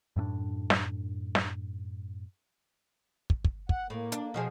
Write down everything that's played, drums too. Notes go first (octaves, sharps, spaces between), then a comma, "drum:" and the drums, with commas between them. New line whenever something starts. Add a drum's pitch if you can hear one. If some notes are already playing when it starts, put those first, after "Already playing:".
F#2 A2 C4 D4
drum: snare
drum: snare
drum: kick
drum: kick
F#5, drum: kick
A2 A#3
D4, drum: hi-hat
B2 F3 G#4